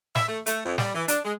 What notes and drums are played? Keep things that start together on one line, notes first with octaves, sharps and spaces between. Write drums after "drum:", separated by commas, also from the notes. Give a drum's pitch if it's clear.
E5, drum: snare
A3
A3, drum: hi-hat
F2
G3, drum: snare
E3
D4, drum: hi-hat
G#3